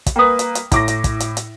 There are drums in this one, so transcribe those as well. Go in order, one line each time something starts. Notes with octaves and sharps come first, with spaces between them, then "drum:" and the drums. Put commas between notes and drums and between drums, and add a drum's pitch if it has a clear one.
drum: kick, hi-hat
A#3 B4 G5 D#6
drum: hi-hat
drum: hi-hat
A2 E4 C#6 D6 A#6, drum: kick, hi-hat
drum: hi-hat
drum: kick, hi-hat
drum: hi-hat
drum: hi-hat